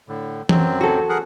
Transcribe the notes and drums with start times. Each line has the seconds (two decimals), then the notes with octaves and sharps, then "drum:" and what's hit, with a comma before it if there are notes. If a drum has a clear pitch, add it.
0.08 A2 D3
0.49 F#2 F#3 C4, drum: tom E3
0.81 F#4 A4
1.09 G#4 A#4 F#5